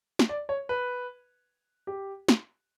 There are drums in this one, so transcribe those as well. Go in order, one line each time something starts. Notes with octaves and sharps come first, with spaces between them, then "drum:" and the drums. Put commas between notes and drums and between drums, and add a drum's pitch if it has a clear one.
drum: snare
D5
C#5
B4
G4
drum: snare